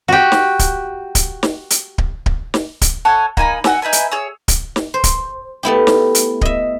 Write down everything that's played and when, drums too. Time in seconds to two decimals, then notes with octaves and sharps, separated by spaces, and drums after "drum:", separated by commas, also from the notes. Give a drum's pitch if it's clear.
0.08 F#4 G4
0.32 drum: snare
0.59 drum: kick D1, hi-hat
1.15 drum: kick D1, hi-hat
1.43 drum: snare
1.70 drum: hi-hat
1.98 drum: kick D1
2.26 drum: kick D1
2.54 drum: snare
2.81 drum: kick D1, hi-hat
3.05 A4 C#5 F#5 G#5
3.37 A#3 D#4 G#5 B5, drum: kick D1
3.64 F#4 F#5 G#5 E6, drum: snare
3.82 D#4 B4 E5 G#5
3.93 drum: hi-hat
4.11 G#4 C#5 E6
4.48 drum: kick D1, hi-hat
4.76 drum: snare
4.94 C5
5.04 drum: kick D1, hi-hat
5.63 A3 B3 E4 G4
5.87 drum: snare
6.15 drum: hi-hat
6.41 D#5 E5, drum: kick D1